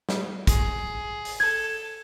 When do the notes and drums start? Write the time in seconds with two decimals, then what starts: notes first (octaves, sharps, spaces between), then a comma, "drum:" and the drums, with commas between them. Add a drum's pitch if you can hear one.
0.09 drum: snare
0.47 G#4, drum: kick, hi-hat
1.25 drum: open hi-hat
1.40 A4 G#6